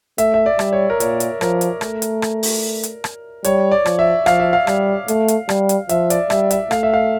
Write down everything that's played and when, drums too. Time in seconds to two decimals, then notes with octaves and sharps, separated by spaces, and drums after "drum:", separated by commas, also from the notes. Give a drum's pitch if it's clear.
0.18 A3 E5, drum: hi-hat
0.34 E5
0.46 D5
0.59 G3, drum: rim click
0.73 C#5
0.90 A#4
1.00 A#2 C#5, drum: hi-hat
1.20 drum: hi-hat
1.41 F3 A#4, drum: rim click
1.61 drum: hi-hat
1.81 A3, drum: rim click
2.02 drum: hi-hat
2.22 drum: rim click
2.43 drum: open hi-hat
2.83 drum: hi-hat
3.04 drum: rim click
3.44 G3 C#5, drum: hi-hat
3.71 D5
3.86 F3, drum: rim click
3.99 E5
4.26 F3 F5, drum: rim click
4.40 E5
4.53 F5
4.67 G3, drum: rim click
5.08 A3, drum: hi-hat
5.28 drum: hi-hat
5.49 G3, drum: rim click
5.69 drum: hi-hat
5.89 F3 E5, drum: hi-hat
6.10 D5, drum: hi-hat
6.30 G3 E5, drum: rim click
6.51 E5, drum: hi-hat
6.71 A3 F5, drum: rim click
6.83 E5
6.93 F5